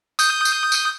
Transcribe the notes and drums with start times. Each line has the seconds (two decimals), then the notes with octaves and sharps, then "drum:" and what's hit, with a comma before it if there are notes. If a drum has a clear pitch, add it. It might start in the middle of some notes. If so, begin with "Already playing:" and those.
0.19 D#6 G6, drum: tambourine
0.45 drum: tambourine
0.72 drum: tambourine